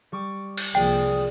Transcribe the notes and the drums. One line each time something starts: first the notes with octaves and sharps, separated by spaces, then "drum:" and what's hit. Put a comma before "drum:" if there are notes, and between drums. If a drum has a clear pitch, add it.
G3 C#6 D6
drum: cymbal
C2 F3 A#3 G#4 D5 G5